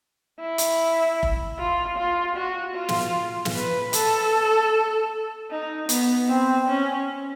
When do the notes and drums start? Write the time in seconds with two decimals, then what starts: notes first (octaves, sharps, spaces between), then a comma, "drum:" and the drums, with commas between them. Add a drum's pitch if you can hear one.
0.40 E4
0.58 drum: hi-hat
1.23 drum: kick F1
1.58 F4
1.97 F4
2.36 F#4
2.75 F4
2.89 drum: snare
3.45 drum: snare
3.55 B4
3.93 A4, drum: hi-hat
5.51 D#4
5.89 B3, drum: hi-hat
6.29 C4
6.68 C#4